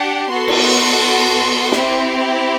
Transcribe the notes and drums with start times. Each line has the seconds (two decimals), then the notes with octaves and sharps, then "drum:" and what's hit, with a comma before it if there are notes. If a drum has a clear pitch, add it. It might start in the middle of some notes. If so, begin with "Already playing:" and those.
Already playing: D4 G4 F#5
0.29 B3 F#4 A4 C6
0.48 drum: cymbal
1.72 C4 E4 G4, drum: snare